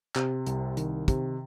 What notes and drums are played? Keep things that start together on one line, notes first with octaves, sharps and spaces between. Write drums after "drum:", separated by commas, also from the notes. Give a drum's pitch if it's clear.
C3, drum: clap
C2, drum: hi-hat
D#3, drum: hi-hat
C3, drum: kick, hi-hat